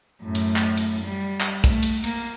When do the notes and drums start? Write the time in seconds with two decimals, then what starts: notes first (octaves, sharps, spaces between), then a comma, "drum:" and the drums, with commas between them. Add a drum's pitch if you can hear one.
0.22 F#2 A2
0.35 drum: cymbal
0.56 drum: clap
0.77 drum: cymbal
1.04 G3
1.40 drum: clap
1.64 A3, drum: kick, cymbal
1.83 drum: cymbal
2.04 A#3, drum: cymbal